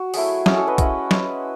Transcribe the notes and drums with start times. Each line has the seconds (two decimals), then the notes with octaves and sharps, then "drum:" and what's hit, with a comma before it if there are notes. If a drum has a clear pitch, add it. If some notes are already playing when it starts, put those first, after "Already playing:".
Already playing: F#4
0.14 F#3 A3 E4 G#4, drum: open hi-hat
0.46 G#3 C#4 E4 G#4, drum: snare
0.57 F#4 A4
0.67 B4 D#5
0.78 G#3 C#4 E4 D#5 F#5, drum: kick A#1, hi-hat
1.11 G#3 C#4 E4, drum: snare